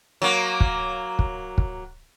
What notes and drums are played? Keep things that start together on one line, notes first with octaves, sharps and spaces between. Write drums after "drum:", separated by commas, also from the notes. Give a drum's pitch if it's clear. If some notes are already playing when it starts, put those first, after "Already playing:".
F#3 A#3
drum: kick
drum: kick
drum: kick